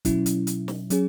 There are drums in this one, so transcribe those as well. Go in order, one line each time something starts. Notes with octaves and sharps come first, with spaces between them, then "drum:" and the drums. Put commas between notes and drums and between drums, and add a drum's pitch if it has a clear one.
B2 F#3 C#4 E4, drum: kick, hi-hat
drum: hi-hat
drum: hi-hat
drum: snare
F#3 C#4 G#4, drum: hi-hat